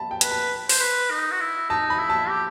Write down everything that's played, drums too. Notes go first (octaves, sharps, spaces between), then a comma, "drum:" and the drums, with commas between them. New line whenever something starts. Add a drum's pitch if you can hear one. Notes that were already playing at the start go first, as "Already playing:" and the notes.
Already playing: A5 B5
G5
B4, drum: hi-hat
A5
C5, drum: open hi-hat
B4
D#4
F#4
E4
D#4 A5
B5
E4
A5
G4